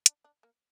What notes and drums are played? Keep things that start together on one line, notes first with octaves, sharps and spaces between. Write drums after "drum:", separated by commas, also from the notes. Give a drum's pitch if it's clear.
D4, drum: hi-hat
D4
A#3